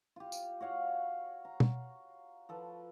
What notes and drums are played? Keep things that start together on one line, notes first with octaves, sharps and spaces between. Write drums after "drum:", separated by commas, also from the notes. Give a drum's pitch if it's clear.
F4 G4
drum: tambourine
F#4 C#5 F5 F#5
A#5
drum: tom
F3 A4 B4